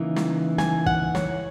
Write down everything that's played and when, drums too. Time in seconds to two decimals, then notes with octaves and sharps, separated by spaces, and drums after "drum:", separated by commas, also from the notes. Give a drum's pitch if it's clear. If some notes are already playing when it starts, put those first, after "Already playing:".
Already playing: C#3 E3 A#3 D#4
0.16 drum: snare
0.58 G#5, drum: snare
0.87 F#5, drum: kick
1.15 C#5, drum: snare